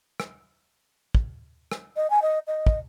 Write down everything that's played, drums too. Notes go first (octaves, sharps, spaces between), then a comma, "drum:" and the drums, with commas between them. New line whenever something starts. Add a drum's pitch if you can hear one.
drum: rim click
drum: kick
drum: rim click
D#5
G#5
D#5
D#5
drum: kick